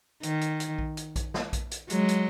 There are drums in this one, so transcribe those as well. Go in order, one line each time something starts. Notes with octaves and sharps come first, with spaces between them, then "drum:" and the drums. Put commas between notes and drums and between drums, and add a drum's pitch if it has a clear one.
D#3, drum: hi-hat
drum: hi-hat
drum: hi-hat
drum: kick A#1
drum: hi-hat
drum: kick A#1, hi-hat
drum: snare
drum: kick A#1, hi-hat
drum: hi-hat
F#3 G#3, drum: hi-hat
drum: hi-hat